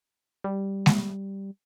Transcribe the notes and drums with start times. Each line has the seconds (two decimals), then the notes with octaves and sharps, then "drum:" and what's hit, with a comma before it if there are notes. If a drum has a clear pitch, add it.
0.44 G3
0.86 drum: snare G#3